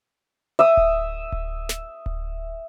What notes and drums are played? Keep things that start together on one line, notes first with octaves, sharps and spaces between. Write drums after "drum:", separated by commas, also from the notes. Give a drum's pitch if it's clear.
E5 D#6
drum: kick D1
drum: kick D1
drum: snare
drum: kick D1